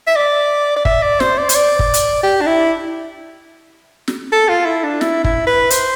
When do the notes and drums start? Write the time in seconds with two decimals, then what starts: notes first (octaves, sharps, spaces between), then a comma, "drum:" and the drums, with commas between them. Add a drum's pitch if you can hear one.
0.07 E5
0.16 D5
0.76 D5
0.85 E5, drum: kick
1.02 D5
1.20 C5, drum: snare
1.38 D5
1.49 C5, drum: hi-hat
1.55 D5
1.79 drum: kick
1.94 drum: hi-hat
2.23 G4
2.41 D4
2.47 E4
4.08 drum: snare
4.32 A4
4.49 F4
4.66 E4
4.84 D4
5.01 E4, drum: snare
5.24 E4, drum: kick
5.47 B4
5.70 C5, drum: hi-hat